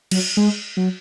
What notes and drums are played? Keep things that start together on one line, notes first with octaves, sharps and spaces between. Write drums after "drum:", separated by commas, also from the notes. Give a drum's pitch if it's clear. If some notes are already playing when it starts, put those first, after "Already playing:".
F#3, drum: cymbal
G#3
F#3